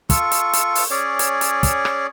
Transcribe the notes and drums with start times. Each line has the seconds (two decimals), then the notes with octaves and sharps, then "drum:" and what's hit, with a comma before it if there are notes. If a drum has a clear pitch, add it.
0.10 F4 A4 C#6, drum: kick, hi-hat
0.32 drum: hi-hat
0.53 drum: hi-hat
0.75 drum: open hi-hat
0.91 C#4 G#4 C#5 D5
1.19 drum: hi-hat
1.41 drum: hi-hat
1.63 drum: kick, hi-hat
1.85 drum: rim click